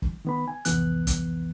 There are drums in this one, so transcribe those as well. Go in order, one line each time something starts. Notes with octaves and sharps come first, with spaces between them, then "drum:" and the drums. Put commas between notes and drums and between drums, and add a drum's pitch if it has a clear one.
drum: kick F#1
D#3 B3 B5
G#5
C2 F2 E3 B3 F#6, drum: hi-hat
drum: kick F#1, hi-hat